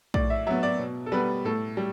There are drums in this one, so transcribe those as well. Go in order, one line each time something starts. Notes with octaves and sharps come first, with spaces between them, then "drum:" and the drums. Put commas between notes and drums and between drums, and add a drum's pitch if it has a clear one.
A2 D5, drum: kick A#1
E5
F#3 B3 E5
D5
B2
A4
G3 B3 B4
A2 A4
G3